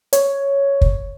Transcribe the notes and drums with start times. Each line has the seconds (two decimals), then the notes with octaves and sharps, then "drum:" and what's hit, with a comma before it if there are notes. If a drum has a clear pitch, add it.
0.13 C#5, drum: hi-hat
0.81 drum: kick